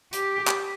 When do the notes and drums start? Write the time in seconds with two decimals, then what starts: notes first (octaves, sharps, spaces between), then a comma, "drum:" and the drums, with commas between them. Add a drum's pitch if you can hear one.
0.13 G4, drum: hi-hat
0.47 drum: clap